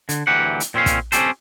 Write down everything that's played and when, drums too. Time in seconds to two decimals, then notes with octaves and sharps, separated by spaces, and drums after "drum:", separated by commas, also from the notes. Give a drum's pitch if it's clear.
0.09 D3, drum: hi-hat
0.27 D2 E3 F#3 G4 F#5
0.60 drum: hi-hat
0.74 A#2 C4 C#4 F5
0.86 drum: kick, hi-hat
1.12 C4 C#4 D#4 G4 A4 C5, drum: hi-hat